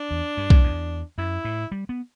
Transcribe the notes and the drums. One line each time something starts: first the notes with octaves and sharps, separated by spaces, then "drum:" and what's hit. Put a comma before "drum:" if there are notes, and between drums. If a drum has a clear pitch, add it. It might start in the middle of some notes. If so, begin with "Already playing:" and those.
Already playing: D4
E2
G2
F#2, drum: kick B1
E2
F#2 E4
A2
G3
B3